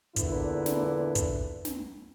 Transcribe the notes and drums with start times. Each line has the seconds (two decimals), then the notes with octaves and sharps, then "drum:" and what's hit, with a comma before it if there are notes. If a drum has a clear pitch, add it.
0.16 E2 A#2 D3 D4 E4 B4, drum: kick, hi-hat
0.66 drum: snare
1.15 drum: kick, hi-hat
1.65 drum: snare